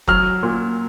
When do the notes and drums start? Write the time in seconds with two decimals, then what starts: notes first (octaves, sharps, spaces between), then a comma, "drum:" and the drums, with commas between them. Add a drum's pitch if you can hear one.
0.07 F#3 F6, drum: kick F1
0.43 A#2